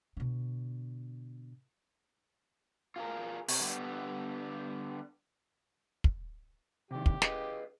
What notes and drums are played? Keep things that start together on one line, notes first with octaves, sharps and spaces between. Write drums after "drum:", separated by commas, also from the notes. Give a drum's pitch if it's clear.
B2 D3
F4 G#4 A#4
C3, drum: open hi-hat
D3 G3 B3
drum: kick
C3 D#3 G4
drum: kick
G#4 B4 D#5, drum: snare